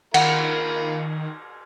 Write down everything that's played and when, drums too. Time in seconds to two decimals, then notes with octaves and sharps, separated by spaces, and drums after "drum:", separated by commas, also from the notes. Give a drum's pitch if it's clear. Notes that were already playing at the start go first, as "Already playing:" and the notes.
0.14 D#3 A#3 F4 F#5 B5, drum: cymbal